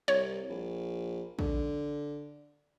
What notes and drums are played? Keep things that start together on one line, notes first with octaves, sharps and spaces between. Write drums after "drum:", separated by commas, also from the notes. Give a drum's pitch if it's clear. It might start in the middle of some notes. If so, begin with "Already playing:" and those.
C2 C#5
A#1
D3, drum: kick